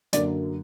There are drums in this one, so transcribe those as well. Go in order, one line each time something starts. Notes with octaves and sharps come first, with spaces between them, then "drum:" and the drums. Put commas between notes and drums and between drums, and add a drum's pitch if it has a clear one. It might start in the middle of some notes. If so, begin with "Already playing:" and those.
F#2 D3 F#3 A#3 D5, drum: hi-hat